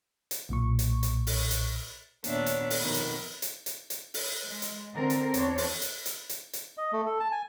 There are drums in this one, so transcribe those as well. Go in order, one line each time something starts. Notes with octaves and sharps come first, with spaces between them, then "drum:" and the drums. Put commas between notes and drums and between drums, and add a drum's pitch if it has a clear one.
drum: hi-hat
B1 A#2 C#6
drum: hi-hat
drum: hi-hat
drum: open hi-hat
drum: hi-hat
D#2 A#2 B3 D4 C#5 E5, drum: hi-hat
drum: hi-hat
drum: open hi-hat
F2 B2 D#3 B5
drum: hi-hat
drum: hi-hat
drum: hi-hat
drum: hi-hat
drum: open hi-hat
G#3
drum: hi-hat
D3 C4 A#4
drum: hi-hat
E2 C4 D4 C#5, drum: hi-hat
drum: open hi-hat
drum: hi-hat
drum: hi-hat
drum: hi-hat
drum: hi-hat
D#5
A3
A4
A5
G#5